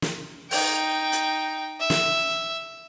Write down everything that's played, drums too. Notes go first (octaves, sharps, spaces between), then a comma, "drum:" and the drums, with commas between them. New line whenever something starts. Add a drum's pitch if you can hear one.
drum: snare
D#4 G5, drum: open hi-hat
drum: hi-hat
E5
drum: snare